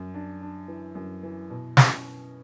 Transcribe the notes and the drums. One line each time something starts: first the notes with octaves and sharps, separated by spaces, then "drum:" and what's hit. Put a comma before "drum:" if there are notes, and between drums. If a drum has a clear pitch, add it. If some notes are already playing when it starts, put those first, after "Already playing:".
Already playing: F#2
D4
D4
E3
F#2
E3
B2
C#4, drum: snare